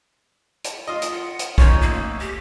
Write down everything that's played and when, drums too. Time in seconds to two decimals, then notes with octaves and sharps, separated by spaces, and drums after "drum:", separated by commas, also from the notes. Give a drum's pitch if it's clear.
0.64 drum: hi-hat
0.88 F4 D#5
1.02 drum: hi-hat
1.12 F#5
1.39 drum: hi-hat
1.58 C#4 D#4 F4 C#5, drum: kick
1.82 A3 A#3
2.20 G4